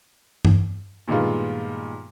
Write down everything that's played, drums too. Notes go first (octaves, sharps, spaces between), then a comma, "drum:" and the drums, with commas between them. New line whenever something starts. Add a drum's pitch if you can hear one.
drum: tom G2
G2 A#2 D#3 G#3 B3 F4